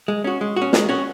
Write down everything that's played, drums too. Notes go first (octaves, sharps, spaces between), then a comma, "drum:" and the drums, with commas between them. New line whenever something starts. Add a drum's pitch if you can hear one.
G#3
C#4 F#4
G#3
F#4
C#4
G#3, drum: snare
C#4 F#4